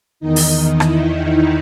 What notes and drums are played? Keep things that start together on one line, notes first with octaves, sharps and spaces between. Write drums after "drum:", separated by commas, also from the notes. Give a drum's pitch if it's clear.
E2 D#3 D#4
drum: open hi-hat
D#4
E4, drum: rim click